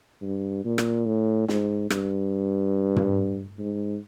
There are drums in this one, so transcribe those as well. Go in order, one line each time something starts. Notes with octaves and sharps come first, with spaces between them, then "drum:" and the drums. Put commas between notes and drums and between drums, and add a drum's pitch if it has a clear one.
G2
A#2
drum: rim click
A2
G#2, drum: snare
G2, drum: rim click
drum: tom
G#2